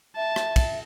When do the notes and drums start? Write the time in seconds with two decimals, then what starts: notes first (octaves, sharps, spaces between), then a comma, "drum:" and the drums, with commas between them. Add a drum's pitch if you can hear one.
0.16 E5 A5
0.36 drum: rim click
0.56 drum: kick, cymbal